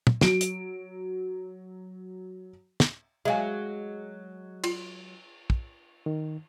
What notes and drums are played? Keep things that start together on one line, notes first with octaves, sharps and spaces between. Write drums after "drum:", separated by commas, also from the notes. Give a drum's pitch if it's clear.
drum: tom
F#3 D7, drum: snare
drum: hi-hat
drum: snare
F#3 G#3 E5 F5 G#5
F4, drum: cymbal
drum: kick
D#3